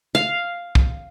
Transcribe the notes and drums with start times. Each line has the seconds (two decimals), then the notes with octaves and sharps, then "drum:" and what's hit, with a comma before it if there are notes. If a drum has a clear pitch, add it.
0.15 F5
0.75 drum: kick